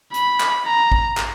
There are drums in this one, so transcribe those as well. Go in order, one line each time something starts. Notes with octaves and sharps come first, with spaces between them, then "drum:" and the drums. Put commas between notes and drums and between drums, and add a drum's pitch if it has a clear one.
B5, drum: hi-hat
drum: clap
A#5
drum: kick A1
drum: clap